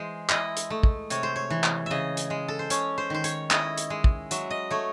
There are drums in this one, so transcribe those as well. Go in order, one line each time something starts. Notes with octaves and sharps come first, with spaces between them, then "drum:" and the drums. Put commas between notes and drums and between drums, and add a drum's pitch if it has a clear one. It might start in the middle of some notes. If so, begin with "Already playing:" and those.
Already playing: E3 G#3 C5
E4 D#5, drum: clap
drum: hi-hat
A3
drum: kick
C3 C#5, drum: hi-hat
C5
C#5
E3
drum: clap
C#3 D#5 E5
drum: hi-hat
G#3
A4
C5
C#4 C#5, drum: hi-hat
C5
D#3 C5
C#5, drum: hi-hat
E4 D#5, drum: clap
drum: hi-hat
G#3
drum: kick
F#3 E5, drum: hi-hat
D#5
A3 C#5